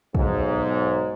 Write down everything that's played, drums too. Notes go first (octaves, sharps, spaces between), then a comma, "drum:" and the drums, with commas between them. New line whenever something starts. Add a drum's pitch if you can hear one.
B1 G#2, drum: kick